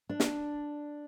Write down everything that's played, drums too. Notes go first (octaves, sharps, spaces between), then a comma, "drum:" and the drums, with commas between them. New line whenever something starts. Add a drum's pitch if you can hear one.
D4
drum: snare